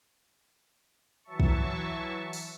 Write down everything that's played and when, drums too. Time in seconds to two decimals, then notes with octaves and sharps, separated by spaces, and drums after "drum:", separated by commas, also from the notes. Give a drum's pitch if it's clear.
1.24 E3 F#3 E5 A5 C#6
1.40 drum: kick
2.33 drum: open hi-hat